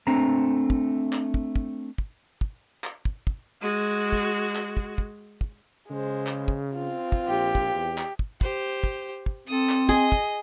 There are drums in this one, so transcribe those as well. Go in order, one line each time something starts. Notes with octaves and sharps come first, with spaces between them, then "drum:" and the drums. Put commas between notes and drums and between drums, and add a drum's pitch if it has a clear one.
A3 C4 D4 A#5
drum: kick
drum: clap
drum: kick
drum: kick
drum: kick
drum: kick
drum: clap
drum: kick
drum: kick
G#3 F#4
drum: kick
drum: clap
drum: kick
drum: kick
drum: kick
C#3 G#3 C5
drum: clap
drum: kick
C4 F4
drum: kick
A#1 G4
drum: kick
E2
drum: clap
drum: kick
G4 C5, drum: kick
drum: kick
drum: kick
C4 A4 D#6
drum: clap
G#4 D#5, drum: kick
drum: kick